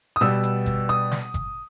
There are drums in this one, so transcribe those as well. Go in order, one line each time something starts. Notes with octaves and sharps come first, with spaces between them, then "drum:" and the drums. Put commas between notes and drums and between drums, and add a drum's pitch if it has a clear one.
D#6
B2 G3 B3 E6, drum: hi-hat
drum: hi-hat
drum: kick G1, hi-hat
D#6, drum: hi-hat
drum: snare
drum: kick G1, hi-hat